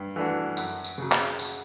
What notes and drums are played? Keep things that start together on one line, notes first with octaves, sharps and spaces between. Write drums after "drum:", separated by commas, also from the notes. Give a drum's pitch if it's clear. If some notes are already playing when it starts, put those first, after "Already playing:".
Already playing: G2
E3 A3 D4 F#4
F#2, drum: tambourine
drum: tambourine
C#3 F#3
drum: clap
drum: tambourine